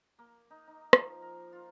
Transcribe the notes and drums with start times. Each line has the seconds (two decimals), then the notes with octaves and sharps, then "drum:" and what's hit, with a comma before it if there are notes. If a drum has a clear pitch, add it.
0.19 A#3
0.51 D#4
0.67 D#4
0.93 F3, drum: rim click
1.22 A#4
1.53 F4